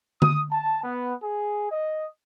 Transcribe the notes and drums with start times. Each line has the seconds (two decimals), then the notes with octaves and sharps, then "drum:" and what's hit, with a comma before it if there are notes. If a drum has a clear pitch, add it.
0.22 D#6, drum: tom D3
0.51 A5
0.84 B3
1.22 G#4
1.72 D#5